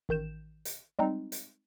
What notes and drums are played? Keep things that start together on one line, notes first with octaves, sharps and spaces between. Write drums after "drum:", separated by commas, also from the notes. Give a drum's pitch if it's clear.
A1 D#3 G6 E7
drum: hi-hat
G3 G#3 C4 D#4
drum: hi-hat